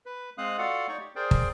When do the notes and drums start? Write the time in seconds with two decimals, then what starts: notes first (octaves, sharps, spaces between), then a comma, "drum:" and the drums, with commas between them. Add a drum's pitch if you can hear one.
0.06 B4
0.38 G#3 C4 F5 D#6 F#6
0.58 F4 F#4 A4 D5 F5 F#5
0.88 D#4 C#5 D5 C#6
1.00 G4
1.16 G#4 A#4 C5 D5 G5
1.31 drum: kick